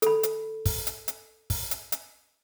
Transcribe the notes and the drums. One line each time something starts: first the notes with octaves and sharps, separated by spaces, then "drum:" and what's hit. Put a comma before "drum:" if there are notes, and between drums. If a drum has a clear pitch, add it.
A4 B5, drum: hi-hat
drum: hi-hat
drum: kick, open hi-hat
drum: hi-hat
drum: hi-hat
drum: kick, open hi-hat
drum: hi-hat
drum: hi-hat